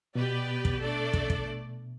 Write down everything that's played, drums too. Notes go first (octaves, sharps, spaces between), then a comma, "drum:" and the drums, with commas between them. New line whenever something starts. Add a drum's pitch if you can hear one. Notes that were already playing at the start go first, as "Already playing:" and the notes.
B2 B3 G4 B4 D5
drum: kick
A3 D4 A4 D5
drum: kick
drum: kick